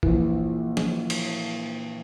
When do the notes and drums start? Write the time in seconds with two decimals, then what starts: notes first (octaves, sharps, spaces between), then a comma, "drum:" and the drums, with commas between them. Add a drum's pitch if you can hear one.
0.03 A#1 E3, drum: kick
0.77 drum: snare
1.10 drum: cymbal